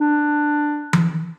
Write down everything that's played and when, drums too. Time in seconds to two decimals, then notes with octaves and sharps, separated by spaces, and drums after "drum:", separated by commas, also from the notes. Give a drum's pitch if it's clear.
0.01 D4
0.93 drum: tom E3